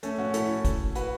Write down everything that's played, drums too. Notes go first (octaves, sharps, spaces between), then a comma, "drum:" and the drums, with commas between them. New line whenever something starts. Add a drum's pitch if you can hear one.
A3 C#4, drum: hi-hat
C#4 F#4
E4 A4, drum: hi-hat
drum: kick, hi-hat
F#4 B4, drum: hi-hat